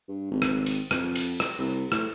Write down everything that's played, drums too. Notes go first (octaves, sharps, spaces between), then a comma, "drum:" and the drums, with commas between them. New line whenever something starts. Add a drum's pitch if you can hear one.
G2
G#1
drum: rim click
drum: cymbal
F2, drum: rim click
drum: cymbal
drum: rim click
C2
A2, drum: rim click